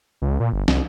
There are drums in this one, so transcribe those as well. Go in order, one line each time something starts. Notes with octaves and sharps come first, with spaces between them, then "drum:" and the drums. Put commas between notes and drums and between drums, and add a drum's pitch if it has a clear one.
C#2
A#2
G1
C2, drum: snare